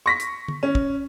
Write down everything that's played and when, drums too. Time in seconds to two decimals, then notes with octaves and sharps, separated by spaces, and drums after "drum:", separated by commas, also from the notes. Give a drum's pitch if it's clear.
0.06 C#6 A#6 B6
0.20 drum: hi-hat
0.48 drum: tom D3
0.63 C#4
0.75 drum: kick